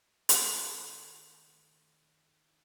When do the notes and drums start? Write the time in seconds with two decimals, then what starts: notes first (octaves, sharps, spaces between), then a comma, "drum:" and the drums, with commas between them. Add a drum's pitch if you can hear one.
0.29 D#3 A3, drum: hi-hat